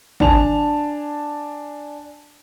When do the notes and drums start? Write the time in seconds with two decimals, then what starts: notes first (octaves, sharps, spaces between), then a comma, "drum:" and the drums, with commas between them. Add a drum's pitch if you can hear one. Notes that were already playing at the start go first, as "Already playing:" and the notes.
0.20 D4 G#5 A5 F7, drum: kick